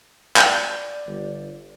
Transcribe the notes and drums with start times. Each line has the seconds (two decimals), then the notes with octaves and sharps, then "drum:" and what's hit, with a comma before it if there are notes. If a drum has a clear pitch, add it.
0.36 D5, drum: clap
1.07 G1